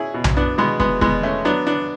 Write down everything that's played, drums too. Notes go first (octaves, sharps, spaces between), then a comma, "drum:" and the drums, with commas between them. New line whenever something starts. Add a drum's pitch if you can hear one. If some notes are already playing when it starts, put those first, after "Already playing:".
Already playing: B2 C#4 E4 G#4
B2
drum: tom B1
B3 D4
B2 G#3 B3
G#3 B3, drum: kick
B2 G#3 B3, drum: kick
A3 C#4
F#3 B3 D4
B3 D4